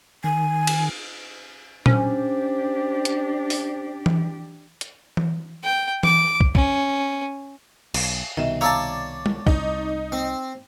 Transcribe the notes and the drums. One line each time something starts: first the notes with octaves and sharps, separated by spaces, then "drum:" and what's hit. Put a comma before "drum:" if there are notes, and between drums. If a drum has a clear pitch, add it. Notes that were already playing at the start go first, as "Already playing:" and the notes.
D#3 G#5
drum: cymbal
C#4 D4 G4 C5, drum: tom A#2
drum: hi-hat
drum: open hi-hat
drum: tom E3
drum: hi-hat
drum: tom E3
G5
D6, drum: tom E3
drum: kick
C#4, drum: kick
B1, drum: cymbal
C2 B2 D#3 D#5 E5
C#5 D5 F5 A5 A#5 E6
drum: tom G3
C2 D#4, drum: kick
C4